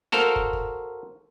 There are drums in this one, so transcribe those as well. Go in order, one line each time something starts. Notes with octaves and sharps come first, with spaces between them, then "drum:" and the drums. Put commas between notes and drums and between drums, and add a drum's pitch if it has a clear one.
F#4 A4 A#4 C5 F5, drum: snare
drum: kick
drum: kick